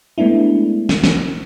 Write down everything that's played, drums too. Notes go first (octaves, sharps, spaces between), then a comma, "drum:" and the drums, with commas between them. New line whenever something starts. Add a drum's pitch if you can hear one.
G#3 A3 B3 D4 E4
drum: snare
drum: snare